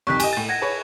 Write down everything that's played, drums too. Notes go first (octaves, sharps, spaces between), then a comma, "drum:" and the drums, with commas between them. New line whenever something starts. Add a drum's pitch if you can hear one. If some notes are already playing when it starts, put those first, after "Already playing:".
C2 F2 D#3 C#6 F#6 B6
G4 D#5 G#5, drum: cymbal
A2 A6
F#5 G#6 A#6
G#4 B4 C#5